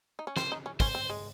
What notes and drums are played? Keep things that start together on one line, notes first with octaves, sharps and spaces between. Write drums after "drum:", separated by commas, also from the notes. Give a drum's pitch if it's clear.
D#4
C#4
C4 C5, drum: snare
D#4
C#4
C#4 C5, drum: kick, open hi-hat
C4
G#3